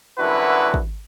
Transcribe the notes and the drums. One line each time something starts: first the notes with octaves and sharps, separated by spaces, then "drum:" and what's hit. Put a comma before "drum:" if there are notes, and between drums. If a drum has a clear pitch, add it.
C2 F#2 D3 E4 F#4 B4
drum: kick